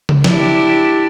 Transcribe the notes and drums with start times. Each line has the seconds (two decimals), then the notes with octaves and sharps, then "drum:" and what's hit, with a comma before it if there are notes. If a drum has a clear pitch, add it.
0.09 drum: tom C#3
0.24 D4 E4 G4, drum: snare